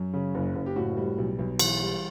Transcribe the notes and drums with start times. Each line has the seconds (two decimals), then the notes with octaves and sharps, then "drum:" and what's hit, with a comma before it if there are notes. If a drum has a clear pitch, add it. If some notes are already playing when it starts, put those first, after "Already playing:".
Already playing: F#2
0.13 C#3
0.35 F#1
0.55 F#1
0.66 G4
0.76 A2 F#4
0.97 G3
1.18 B1
1.39 B1
1.59 E3, drum: cymbal
1.80 G3